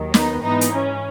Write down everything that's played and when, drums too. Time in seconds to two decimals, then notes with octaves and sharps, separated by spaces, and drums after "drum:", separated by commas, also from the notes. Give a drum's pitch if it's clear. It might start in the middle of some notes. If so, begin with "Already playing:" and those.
Already playing: D#2 D#3 F#3
0.14 B3 D#4, drum: snare
0.43 G#2 E3 B3 D#4
0.61 drum: hi-hat
0.72 C#4